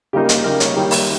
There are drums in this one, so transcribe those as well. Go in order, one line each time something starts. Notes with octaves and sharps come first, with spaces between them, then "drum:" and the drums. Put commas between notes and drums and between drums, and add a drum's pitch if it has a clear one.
C#3 G3 A#3 D#4 G4
drum: hi-hat
C#3 G3 A#3 D#4 A#4
C#5, drum: hi-hat
D#3 G3 A#3 C#5
drum: open hi-hat